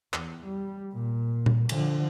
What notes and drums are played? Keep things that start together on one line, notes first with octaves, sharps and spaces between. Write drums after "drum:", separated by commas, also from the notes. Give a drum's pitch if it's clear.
E2, drum: clap
G3
A#2
drum: tom A#2
D3 F3, drum: cymbal